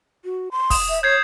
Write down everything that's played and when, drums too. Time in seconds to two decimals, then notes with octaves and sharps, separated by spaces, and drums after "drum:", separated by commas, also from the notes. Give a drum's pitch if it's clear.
0.25 F#4
0.51 C6
0.70 D#6 E7, drum: kick, open hi-hat
0.89 E5
1.03 C#5 G6 G#6 C7